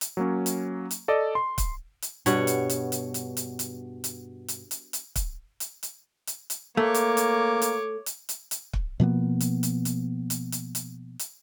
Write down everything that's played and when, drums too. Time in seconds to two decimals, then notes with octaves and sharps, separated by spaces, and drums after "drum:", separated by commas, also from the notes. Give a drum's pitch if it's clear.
0.01 drum: hi-hat
0.17 F#3 A#3 C#4
0.46 drum: hi-hat
0.91 drum: hi-hat
1.08 A4 D5 D#5
1.35 C6
1.58 drum: kick, hi-hat
2.02 drum: hi-hat
2.26 G2 B2 C#5 F#5, drum: hi-hat
2.47 drum: hi-hat
2.70 drum: hi-hat
2.92 drum: hi-hat
3.14 drum: hi-hat
3.37 drum: hi-hat
3.59 drum: hi-hat
4.04 drum: hi-hat
4.48 drum: hi-hat
4.71 drum: hi-hat
4.93 drum: hi-hat
5.16 drum: kick, hi-hat
5.60 drum: hi-hat
5.83 drum: hi-hat
6.27 drum: hi-hat
6.50 drum: hi-hat
6.77 A3 A#3 C#5 D6
6.94 drum: hi-hat
7.17 drum: hi-hat
7.62 drum: hi-hat
8.06 drum: hi-hat
8.29 drum: hi-hat
8.51 drum: hi-hat
8.73 drum: kick
9.00 B2 F3 A#3 B3
9.41 drum: hi-hat
9.63 drum: hi-hat
9.85 drum: hi-hat
10.30 drum: hi-hat
10.52 drum: hi-hat
10.75 drum: hi-hat
11.19 drum: hi-hat